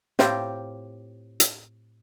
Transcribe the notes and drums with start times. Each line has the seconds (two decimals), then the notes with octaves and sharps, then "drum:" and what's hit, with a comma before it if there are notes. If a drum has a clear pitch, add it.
0.19 A2 C4 F4 G4 F5 A#5, drum: snare
1.40 drum: hi-hat